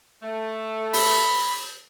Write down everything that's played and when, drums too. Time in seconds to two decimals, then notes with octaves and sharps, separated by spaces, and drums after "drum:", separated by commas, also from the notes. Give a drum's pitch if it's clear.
0.22 A3
0.93 B5, drum: open hi-hat